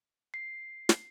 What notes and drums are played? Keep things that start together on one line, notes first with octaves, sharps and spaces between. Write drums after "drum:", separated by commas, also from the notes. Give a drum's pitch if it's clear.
C7
drum: snare